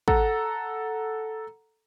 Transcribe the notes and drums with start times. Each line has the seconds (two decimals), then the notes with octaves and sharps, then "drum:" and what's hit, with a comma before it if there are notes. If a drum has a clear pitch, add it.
0.08 A4 F#5 A#5, drum: kick